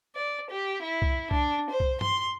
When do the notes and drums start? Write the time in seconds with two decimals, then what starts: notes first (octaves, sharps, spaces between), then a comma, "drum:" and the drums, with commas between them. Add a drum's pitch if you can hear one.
0.15 D5
0.51 G4
0.83 E4
1.02 drum: kick C2
1.31 D4, drum: kick C2
1.70 C5
1.80 drum: kick C2
2.01 C6, drum: tom G2